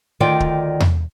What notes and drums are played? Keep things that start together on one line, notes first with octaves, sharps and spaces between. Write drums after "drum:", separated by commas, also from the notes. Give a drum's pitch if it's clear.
D2 D#3 F4 D5 G5
drum: kick
drum: tom E2